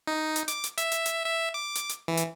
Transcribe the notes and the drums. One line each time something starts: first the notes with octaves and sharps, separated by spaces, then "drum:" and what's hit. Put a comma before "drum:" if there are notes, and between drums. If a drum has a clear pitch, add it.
D#4
drum: hi-hat
D6, drum: hi-hat
drum: hi-hat
E5, drum: hi-hat
drum: hi-hat
drum: hi-hat
E5
D6
drum: hi-hat
drum: hi-hat
E3
drum: hi-hat